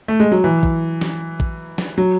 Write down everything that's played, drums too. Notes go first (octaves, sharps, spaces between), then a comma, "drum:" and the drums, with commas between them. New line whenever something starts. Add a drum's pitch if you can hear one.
A3
G#3
F#3
E3
drum: kick
drum: snare
drum: kick
drum: snare
F#3